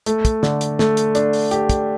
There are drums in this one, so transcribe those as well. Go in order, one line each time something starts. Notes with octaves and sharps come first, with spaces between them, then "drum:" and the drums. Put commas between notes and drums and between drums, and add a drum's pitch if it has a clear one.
A3, drum: hi-hat
drum: kick, hi-hat
D3, drum: snare
drum: hi-hat
A3, drum: snare
drum: hi-hat
D4, drum: hi-hat
drum: open hi-hat
G4, drum: hi-hat
drum: kick, hi-hat